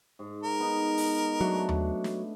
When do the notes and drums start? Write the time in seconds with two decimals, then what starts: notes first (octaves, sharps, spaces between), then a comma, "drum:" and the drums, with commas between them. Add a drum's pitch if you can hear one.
0.19 G#2
0.44 A#4
0.60 B3 D#4
0.97 drum: open hi-hat
1.41 F#3 A3 D4
1.69 drum: tom D#2
2.04 drum: snare